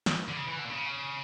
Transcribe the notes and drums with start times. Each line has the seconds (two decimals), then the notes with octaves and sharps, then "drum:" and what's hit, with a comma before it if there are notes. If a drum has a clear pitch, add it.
0.06 drum: snare
0.28 D3
0.36 C#3
0.48 E3
0.58 D3
0.65 A#2
0.70 C#3